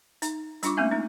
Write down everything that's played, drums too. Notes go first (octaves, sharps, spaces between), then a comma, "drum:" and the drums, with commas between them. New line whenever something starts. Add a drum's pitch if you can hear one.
D#4, drum: hi-hat
G3 D4 F4 C#6 D6, drum: hi-hat
A3 A#3 C4 C#4 E5
G#3 D#4